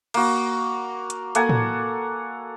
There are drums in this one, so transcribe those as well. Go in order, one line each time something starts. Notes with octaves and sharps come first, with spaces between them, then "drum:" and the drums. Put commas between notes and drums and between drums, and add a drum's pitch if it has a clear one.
A#3 F#4, drum: cymbal
drum: hi-hat
A#3 A4 F#5 G#5, drum: hi-hat
drum: tom A2